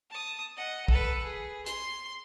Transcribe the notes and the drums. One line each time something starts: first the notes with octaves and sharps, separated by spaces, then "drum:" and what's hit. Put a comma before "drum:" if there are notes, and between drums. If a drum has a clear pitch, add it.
A5 D#6
D#5 F#5
A4 B4, drum: kick
G#4
C6, drum: hi-hat